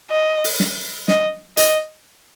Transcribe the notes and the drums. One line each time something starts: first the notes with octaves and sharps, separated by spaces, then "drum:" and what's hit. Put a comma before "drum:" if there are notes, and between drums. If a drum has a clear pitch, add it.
D#5
drum: open hi-hat
drum: snare
D#5, drum: snare
D#5, drum: hi-hat